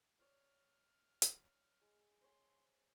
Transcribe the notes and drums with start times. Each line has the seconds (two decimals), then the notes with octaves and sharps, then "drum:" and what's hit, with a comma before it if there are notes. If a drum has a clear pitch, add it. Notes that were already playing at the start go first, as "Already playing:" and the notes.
0.19 C#5 D5 F6
1.22 drum: hi-hat
1.82 G#3
2.21 C5 C#5 G#5 C6